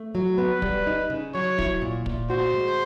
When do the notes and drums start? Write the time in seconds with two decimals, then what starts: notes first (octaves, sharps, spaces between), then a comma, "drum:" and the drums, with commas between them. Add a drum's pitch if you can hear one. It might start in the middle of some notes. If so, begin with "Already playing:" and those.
Already playing: A3
0.15 F#3
0.38 B3 B4
0.62 G3, drum: kick
0.87 D#4
1.10 C#3
1.34 F#3 C#5
1.58 E4, drum: kick
1.81 A#2
2.06 A#2, drum: kick
2.30 F#4 C5
2.54 G#3